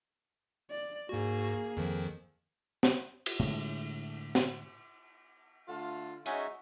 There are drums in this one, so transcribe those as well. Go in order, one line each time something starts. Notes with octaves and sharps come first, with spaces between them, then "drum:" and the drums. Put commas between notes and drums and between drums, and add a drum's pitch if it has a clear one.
D5
G#2 A#3 F#4 G#4
F2 D#3 F3
drum: snare
drum: cymbal
A2 D3 G#3
drum: snare
D3 A3 F4
G#3 C#4 D#4 F#4 E5, drum: hi-hat